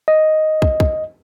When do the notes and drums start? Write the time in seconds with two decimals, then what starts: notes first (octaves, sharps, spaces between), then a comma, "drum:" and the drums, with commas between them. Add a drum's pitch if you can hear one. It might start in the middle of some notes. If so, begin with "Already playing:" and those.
0.08 D#5
0.62 drum: kick
0.80 drum: kick